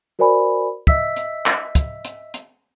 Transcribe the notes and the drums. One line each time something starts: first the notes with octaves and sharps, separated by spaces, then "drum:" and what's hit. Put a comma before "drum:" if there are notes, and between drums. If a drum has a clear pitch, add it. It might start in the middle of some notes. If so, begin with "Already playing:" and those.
F#4 A#4 C5 D5 G#5 B5
D#5 E5 E6 B6, drum: kick
drum: hi-hat
drum: clap
drum: kick, hi-hat
drum: hi-hat
drum: hi-hat